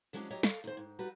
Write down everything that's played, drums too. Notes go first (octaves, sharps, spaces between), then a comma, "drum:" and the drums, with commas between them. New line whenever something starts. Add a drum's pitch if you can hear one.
F3 F#3 G#3 C#4 D4
F#3 G4 C#5 D#5 E5
A4 F5, drum: snare
D#2 C5
G#2
F#3 G3 F#4 B4